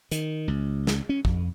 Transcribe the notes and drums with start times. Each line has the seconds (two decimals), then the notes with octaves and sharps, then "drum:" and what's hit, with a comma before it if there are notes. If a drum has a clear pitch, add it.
0.11 D#3, drum: hi-hat
0.48 C#2
0.87 drum: snare
1.09 C#4
1.25 F2, drum: kick